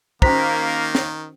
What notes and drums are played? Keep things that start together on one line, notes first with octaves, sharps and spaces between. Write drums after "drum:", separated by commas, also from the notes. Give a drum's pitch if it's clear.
D#3 A#3 C#4 F#4 C5 A#5 B6, drum: kick
drum: snare